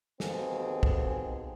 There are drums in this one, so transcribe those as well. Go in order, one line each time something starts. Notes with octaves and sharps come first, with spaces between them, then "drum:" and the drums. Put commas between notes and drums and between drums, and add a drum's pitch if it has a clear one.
D#2 B2 C4 G#4 A4, drum: snare
drum: kick